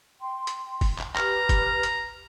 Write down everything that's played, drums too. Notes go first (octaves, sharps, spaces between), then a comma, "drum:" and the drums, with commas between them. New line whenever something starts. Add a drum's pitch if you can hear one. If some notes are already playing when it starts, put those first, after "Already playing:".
G5 C6
drum: hi-hat
drum: kick, open hi-hat
drum: clap
G4 B4 A#5 F6, drum: clap
drum: kick, hi-hat
drum: hi-hat